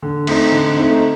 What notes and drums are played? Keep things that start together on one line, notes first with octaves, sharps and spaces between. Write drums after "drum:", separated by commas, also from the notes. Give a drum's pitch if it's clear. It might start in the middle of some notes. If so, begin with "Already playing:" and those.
D3
A3 C4 D#4, drum: cymbal
D3
A3 C4 D#4